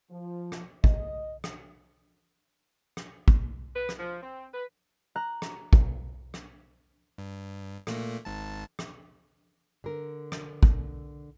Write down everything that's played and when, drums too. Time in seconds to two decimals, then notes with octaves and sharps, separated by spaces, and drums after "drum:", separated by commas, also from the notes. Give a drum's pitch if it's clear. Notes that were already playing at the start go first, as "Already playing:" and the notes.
0.11 F3
0.52 drum: rim click
0.84 D#5, drum: kick
1.44 drum: rim click
2.97 drum: rim click
3.28 drum: kick
3.76 B4
3.89 drum: rim click
3.99 F3
4.23 C4
4.54 B4
5.16 A#5 F#6
5.42 drum: rim click
5.73 drum: kick
6.34 drum: rim click
7.18 G2
7.87 A#2 A3 A#3, drum: rim click
8.25 G#1 G#2 A5
8.79 drum: rim click
9.84 D3 A#4
10.32 drum: rim click
10.63 drum: kick